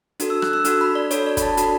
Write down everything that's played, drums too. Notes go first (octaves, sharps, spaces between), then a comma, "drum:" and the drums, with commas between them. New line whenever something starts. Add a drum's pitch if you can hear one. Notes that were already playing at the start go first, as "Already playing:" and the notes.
D4 F#4 A4, drum: hi-hat
E6
F#6, drum: rim click
E6
D4 F#4 A4, drum: hi-hat
B5
D5
D4 F#4 A4 C#5, drum: hi-hat
D5
B5, drum: kick, hi-hat
A5
D4 F#4 A4 B5, drum: hi-hat